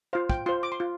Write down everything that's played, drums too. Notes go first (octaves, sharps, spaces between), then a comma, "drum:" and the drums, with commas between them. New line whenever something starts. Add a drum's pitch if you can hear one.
F4 C5 F5
G5, drum: kick
F4 C5 C6
D6
C6
F4